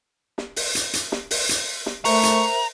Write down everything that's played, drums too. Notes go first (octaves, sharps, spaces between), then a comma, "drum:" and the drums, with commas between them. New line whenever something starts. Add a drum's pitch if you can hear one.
drum: snare
drum: open hi-hat
drum: hi-hat
drum: hi-hat
drum: snare
drum: open hi-hat
drum: hi-hat
drum: snare
A3 A#4 C5 E5 A#5 C#6, drum: open hi-hat
drum: hi-hat